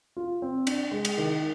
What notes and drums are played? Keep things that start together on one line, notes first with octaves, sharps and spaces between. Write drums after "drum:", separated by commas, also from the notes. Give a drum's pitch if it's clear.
F4
C4
D4, drum: cymbal
G#3
drum: cymbal
D#3